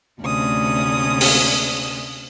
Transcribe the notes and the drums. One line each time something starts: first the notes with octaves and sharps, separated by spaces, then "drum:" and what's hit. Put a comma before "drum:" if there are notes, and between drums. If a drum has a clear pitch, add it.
D2 C3 A3 C#4 D5 D#6
drum: open hi-hat